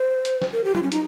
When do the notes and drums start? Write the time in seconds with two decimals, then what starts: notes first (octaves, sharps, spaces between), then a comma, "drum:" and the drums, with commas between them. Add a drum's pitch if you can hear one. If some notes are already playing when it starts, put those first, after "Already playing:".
Already playing: C5
0.25 drum: hi-hat
0.42 drum: snare
0.52 A#4
0.64 G4
0.75 F4, drum: tom F#3
0.83 C#4
0.92 D#4, drum: hi-hat